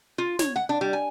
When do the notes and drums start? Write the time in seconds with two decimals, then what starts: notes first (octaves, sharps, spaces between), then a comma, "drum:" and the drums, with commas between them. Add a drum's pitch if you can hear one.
0.18 F4
0.39 C#5, drum: snare
0.56 F#5
0.69 D4
0.81 G3
0.93 G#5